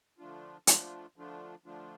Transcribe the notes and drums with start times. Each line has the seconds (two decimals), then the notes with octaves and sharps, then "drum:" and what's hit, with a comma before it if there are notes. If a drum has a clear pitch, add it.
0.18 D3 F3 A3 D4 F4
0.67 D3 F3 A3 D4 F4, drum: hi-hat
1.16 D3 F3 A3 D4 F4
1.65 D3 F3 A3 D4 F4